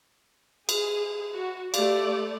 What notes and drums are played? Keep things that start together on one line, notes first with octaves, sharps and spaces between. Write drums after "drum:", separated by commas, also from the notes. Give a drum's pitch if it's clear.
G#4, drum: cymbal
F#4
A3 G4 D5 F5, drum: cymbal